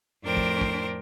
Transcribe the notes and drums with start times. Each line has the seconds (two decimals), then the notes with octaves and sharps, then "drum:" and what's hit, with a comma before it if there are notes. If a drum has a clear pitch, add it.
0.23 F2 A2 D4 A#4 C5 G5
0.37 drum: kick
0.61 drum: kick